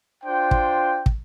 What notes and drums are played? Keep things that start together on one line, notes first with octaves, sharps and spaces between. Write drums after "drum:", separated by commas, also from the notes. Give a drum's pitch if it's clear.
D4 F4 C5 G5
drum: kick
drum: kick